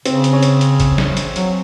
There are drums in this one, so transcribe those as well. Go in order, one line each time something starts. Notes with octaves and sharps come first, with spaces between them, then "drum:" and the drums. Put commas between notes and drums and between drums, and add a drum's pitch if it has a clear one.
C#3 C4, drum: hi-hat
drum: hi-hat
C#4
drum: hi-hat
drum: hi-hat
drum: kick, hi-hat
drum: snare
drum: hi-hat
F#3, drum: hi-hat